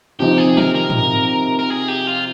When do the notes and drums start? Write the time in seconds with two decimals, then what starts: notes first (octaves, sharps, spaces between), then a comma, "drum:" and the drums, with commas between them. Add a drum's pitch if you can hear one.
0.20 C3 F3 C4 D#4 G4
0.38 G#4
0.57 A#4, drum: tom
0.75 A#4
0.90 drum: tom
1.59 A#4
1.70 G#4
1.88 G4
2.07 F4